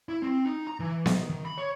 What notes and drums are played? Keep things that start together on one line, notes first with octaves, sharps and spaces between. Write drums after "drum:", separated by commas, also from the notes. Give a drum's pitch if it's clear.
E4
C4
D#4
A#5
E3
D#3, drum: snare B3
D#3
B5
C#5